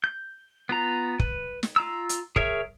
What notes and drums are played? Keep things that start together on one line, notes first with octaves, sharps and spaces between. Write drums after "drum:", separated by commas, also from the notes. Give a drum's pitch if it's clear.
G6
B3 F4 A#5
B4, drum: kick
drum: snare
F4 A#5 E6
drum: hi-hat
G#4 A#4 C#5 E5, drum: kick